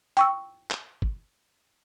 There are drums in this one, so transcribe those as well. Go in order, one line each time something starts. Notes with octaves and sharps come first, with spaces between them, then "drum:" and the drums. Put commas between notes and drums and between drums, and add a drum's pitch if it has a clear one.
G5 C#6 E6, drum: hi-hat
drum: clap
drum: kick